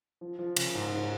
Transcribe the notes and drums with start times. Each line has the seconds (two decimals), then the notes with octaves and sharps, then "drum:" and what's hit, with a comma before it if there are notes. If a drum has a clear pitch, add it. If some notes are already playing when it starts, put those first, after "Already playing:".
0.21 F3
0.39 F3
0.57 C#3, drum: cymbal
0.75 G#2
0.93 G#2